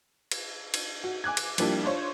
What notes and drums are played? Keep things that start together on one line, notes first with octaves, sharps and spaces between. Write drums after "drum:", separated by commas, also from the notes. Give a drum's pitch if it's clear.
drum: cymbal
drum: cymbal
F#4
G#5 D6 F#6 G#6
drum: cymbal
F3 G3 A#3 D4 E4 G4, drum: cymbal
D4 F4 C5 C#5